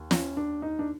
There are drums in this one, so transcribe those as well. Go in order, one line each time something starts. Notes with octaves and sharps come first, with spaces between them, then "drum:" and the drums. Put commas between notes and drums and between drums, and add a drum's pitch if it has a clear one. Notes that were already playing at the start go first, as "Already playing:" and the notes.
Already playing: D#2
C#4, drum: snare
D4
D#4
D4